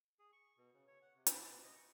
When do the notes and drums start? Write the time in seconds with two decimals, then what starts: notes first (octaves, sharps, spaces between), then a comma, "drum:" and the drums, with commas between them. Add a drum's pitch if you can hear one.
0.19 G#4
0.33 C#6
0.58 B2
0.74 C#3
0.87 C#5
1.02 F#5
1.16 C3
1.27 drum: hi-hat
1.46 B2
1.63 D#5
1.75 C#6